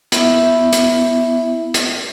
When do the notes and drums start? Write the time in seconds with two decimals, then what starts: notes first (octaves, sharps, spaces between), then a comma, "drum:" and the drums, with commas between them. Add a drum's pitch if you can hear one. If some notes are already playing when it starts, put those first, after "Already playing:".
0.12 B3 E4 E5, drum: hi-hat
0.73 drum: hi-hat
1.74 drum: hi-hat